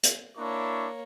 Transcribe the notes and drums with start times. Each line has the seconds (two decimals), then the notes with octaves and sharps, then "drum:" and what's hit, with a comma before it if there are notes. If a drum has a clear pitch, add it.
0.03 drum: hi-hat
0.37 A#3 D4 E4 C#5 C#6